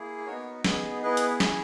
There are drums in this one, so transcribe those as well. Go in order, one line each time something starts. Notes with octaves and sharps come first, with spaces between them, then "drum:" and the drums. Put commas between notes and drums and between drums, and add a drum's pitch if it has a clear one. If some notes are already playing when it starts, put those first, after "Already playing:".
Already playing: A#3 E4 G#4
B3 D#4 F#4 A#4 C#5
B3 D#4 G#4, drum: snare
B3 E4 G#4 B4 D#5
drum: hi-hat
C#4 E4 G#4, drum: snare